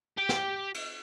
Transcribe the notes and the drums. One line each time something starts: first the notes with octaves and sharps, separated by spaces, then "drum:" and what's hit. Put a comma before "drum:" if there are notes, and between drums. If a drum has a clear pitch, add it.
G4 G5
drum: snare
drum: cymbal